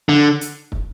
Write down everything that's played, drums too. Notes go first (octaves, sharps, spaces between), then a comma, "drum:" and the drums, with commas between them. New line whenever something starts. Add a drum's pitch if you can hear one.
D3
drum: hi-hat
drum: kick